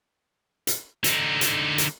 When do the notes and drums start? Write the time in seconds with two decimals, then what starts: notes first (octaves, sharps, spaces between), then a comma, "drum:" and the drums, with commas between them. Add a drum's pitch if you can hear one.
0.67 drum: hi-hat
1.04 D3 D#4, drum: hi-hat
1.41 drum: hi-hat
1.78 drum: hi-hat